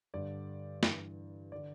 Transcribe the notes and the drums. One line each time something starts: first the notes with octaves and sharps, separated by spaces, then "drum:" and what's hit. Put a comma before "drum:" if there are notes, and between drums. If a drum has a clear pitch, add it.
G2 D3 D5
G2 E3, drum: snare
D3 D5